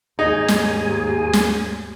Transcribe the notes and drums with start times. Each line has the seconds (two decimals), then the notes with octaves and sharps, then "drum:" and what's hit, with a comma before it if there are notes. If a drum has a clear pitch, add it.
0.19 D#2 G#2 D#4 G#4 G#5
0.48 drum: snare
1.33 drum: snare